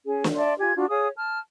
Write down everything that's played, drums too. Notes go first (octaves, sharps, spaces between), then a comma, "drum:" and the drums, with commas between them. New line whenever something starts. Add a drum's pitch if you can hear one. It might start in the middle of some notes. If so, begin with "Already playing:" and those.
C#4 G#4
drum: snare
D5 E5 A5 C6
F4 G4 G#5 G#6
D4 F4 F#4
G#4 C#5 F5 D#6
A5 F6